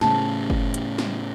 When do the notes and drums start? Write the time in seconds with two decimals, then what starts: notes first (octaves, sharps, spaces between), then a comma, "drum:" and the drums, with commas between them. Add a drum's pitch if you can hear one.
0.01 A2 C#3 A5, drum: snare
0.50 drum: kick F#1
0.74 drum: hi-hat
0.98 drum: snare